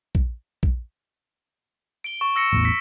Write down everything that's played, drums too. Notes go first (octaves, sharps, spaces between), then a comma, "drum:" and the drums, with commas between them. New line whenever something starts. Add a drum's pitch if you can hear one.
drum: kick
drum: kick
D7 G7
C#6
E6 A#6 C#7
A1 E2
B6